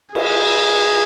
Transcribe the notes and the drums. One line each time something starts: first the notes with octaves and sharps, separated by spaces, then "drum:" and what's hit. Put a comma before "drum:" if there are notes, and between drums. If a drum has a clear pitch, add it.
G#4, drum: cymbal